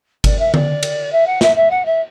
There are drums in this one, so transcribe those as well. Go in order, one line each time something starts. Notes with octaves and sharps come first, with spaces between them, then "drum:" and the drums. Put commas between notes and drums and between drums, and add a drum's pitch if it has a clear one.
D5, drum: kick G1, cymbal
E5
D5, drum: tom D3
drum: cymbal
E5
F#5
E5, drum: snare
E5
F#5
E5